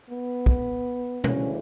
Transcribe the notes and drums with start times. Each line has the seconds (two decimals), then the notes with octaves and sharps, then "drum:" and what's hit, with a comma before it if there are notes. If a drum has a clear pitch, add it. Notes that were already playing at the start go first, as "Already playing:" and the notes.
0.10 B3
0.46 drum: kick
1.24 D2 C#3 E3 C#4, drum: tom